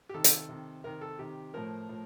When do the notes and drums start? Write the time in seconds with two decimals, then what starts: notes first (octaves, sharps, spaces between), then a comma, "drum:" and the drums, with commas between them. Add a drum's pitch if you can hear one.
0.09 G4
0.14 C3 D#3 A4
0.24 drum: hi-hat
0.49 C3 D#3
0.84 C3 D#3 A#4
1.01 A4
1.19 C3 D#3 G4
1.54 A2 F3 A#4
1.89 A2 F3